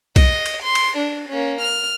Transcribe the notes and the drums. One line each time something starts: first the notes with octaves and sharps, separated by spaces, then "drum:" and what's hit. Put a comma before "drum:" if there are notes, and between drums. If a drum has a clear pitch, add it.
D#5, drum: kick B1, cymbal
drum: cymbal
C6
drum: cymbal
D4
A#3 C#4
F6